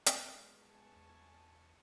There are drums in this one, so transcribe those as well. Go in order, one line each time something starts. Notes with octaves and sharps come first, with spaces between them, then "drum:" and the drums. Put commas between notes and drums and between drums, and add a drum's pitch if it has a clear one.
drum: hi-hat
G#3 B3 F6 F#6
G#5 A5 C#6
E2